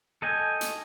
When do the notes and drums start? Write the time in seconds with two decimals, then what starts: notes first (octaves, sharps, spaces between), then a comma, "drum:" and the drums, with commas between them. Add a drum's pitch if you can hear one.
0.22 A4 D#5 G5 G#5
0.61 drum: hi-hat